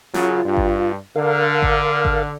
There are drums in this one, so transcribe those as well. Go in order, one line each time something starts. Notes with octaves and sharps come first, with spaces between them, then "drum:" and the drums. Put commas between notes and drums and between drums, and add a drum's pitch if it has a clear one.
F#2 C#3 F4, drum: snare
G2
drum: kick G#1
D3 A#4 F5
drum: kick G#1
drum: kick G#1